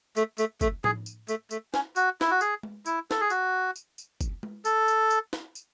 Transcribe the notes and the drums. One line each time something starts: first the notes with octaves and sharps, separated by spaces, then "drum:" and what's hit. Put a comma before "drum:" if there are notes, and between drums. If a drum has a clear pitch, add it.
A3, drum: tambourine
A3, drum: tambourine
A3, drum: kick, tambourine
G#4, drum: tom A2
drum: tambourine
A3, drum: tambourine
A3, drum: tambourine
C#4, drum: snare
F#4, drum: tambourine
E4, drum: snare
F#4
G#4, drum: tambourine
drum: tom G#3
E4, drum: tambourine
A4, drum: snare
G#4
F#4, drum: tambourine
drum: tambourine
drum: tambourine
drum: kick, tambourine
drum: tom G#3
A4, drum: tambourine
drum: tambourine
drum: tambourine
drum: snare
drum: tambourine